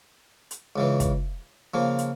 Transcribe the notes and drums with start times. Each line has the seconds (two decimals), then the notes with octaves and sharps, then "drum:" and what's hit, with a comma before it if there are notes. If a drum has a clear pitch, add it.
0.51 drum: hi-hat
0.76 C#2 C#3 E3
1.00 drum: kick, hi-hat
1.74 C#3 F3 A#3
1.98 drum: hi-hat